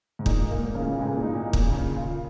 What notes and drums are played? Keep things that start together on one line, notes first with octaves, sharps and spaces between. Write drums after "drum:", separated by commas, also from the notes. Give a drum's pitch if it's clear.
G#2
A#2 D#4, drum: kick
A#3
G#2
C#3
A#2
C#2 G#2
A#2
D#4
A#2
A#3
C#3, drum: kick
A#2 C#3
D#3 F4